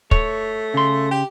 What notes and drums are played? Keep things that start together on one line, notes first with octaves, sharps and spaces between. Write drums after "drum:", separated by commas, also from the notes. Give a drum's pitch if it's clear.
A3 C#5, drum: kick
C#3 C6
G4